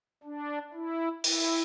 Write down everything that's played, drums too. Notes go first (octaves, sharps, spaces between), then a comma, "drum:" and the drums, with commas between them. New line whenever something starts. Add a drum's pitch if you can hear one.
D4
E4
E4, drum: open hi-hat